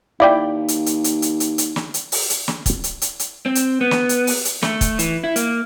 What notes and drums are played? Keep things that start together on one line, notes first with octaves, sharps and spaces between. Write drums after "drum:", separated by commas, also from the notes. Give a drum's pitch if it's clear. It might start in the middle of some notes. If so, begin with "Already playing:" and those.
D#2 E4 D5 F5 G5
drum: hi-hat
drum: hi-hat
drum: hi-hat
drum: hi-hat
drum: hi-hat
drum: hi-hat
drum: snare
drum: hi-hat
drum: open hi-hat
drum: hi-hat
drum: snare
drum: kick, hi-hat
drum: hi-hat
drum: hi-hat
drum: hi-hat
C4
drum: hi-hat
B3
drum: snare
drum: hi-hat
drum: open hi-hat
drum: hi-hat
A3, drum: snare
drum: kick, hi-hat
E3, drum: hi-hat
E4
A#3, drum: hi-hat